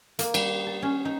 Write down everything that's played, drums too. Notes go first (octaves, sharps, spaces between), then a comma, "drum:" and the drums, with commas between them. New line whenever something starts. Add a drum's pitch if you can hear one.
A#3, drum: hi-hat
G3, drum: cymbal
A5
C#4
D#4